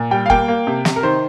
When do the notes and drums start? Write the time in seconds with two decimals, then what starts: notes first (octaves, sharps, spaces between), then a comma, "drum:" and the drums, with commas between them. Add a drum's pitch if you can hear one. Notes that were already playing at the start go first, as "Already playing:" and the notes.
Already playing: A#2
0.11 G3 G5
0.26 F5
0.30 A#3 G5, drum: kick
0.48 A#3
0.67 C3
0.85 C3, drum: snare
0.96 A#4
1.03 D#3 C5